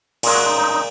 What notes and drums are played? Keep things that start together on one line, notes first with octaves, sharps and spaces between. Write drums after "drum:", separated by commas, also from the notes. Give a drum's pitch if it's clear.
A#2 G#3, drum: cymbal
F#4
D#4
D#4
D#4